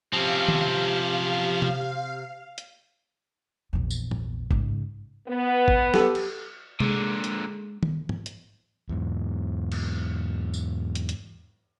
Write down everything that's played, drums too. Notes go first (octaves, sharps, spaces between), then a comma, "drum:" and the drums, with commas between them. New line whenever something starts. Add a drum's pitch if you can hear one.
C3 F3 C4 C#4 G4 F5
drum: tom
drum: tom C3
drum: hi-hat
A#1 E2
drum: tambourine
drum: tom
G#2 C#3, drum: kick
B3
drum: kick
G4 A4, drum: snare
drum: cymbal
A#2 D3 G#3, drum: tom C3
drum: hi-hat
drum: tom
drum: tom
drum: hi-hat
E2 G#2
drum: cymbal
drum: tambourine
drum: hi-hat
drum: hi-hat